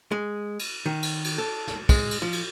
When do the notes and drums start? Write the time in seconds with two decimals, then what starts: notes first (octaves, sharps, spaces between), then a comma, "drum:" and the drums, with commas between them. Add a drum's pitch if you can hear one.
0.12 G#3
0.59 drum: cymbal
0.86 D#3
1.03 drum: cymbal
1.24 drum: cymbal
1.38 A4
1.67 drum: snare
1.89 G#3, drum: kick, cymbal
2.11 drum: cymbal
2.22 F3
2.32 drum: cymbal